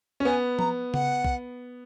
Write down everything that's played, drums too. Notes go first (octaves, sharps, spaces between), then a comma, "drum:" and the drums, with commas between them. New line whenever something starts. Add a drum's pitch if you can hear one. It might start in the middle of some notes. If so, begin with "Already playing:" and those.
C#4
B3 G#5
A#5, drum: tom F3
F#5, drum: tom C#3
drum: kick